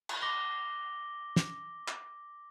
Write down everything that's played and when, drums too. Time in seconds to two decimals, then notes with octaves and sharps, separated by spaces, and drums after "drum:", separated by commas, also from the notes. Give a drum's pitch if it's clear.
0.09 drum: cymbal
0.22 D6 A#6 G7
1.36 drum: snare
1.88 drum: clap